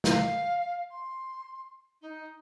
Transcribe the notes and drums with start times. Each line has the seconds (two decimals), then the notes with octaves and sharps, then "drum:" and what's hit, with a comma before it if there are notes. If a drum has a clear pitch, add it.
0.04 F5, drum: snare
0.90 C6
2.01 D#4